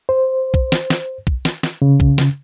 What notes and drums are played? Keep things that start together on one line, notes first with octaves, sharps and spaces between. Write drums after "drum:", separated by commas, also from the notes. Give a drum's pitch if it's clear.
C5
drum: kick
drum: snare
drum: snare
drum: kick
drum: snare
drum: snare
C#3
drum: kick
drum: snare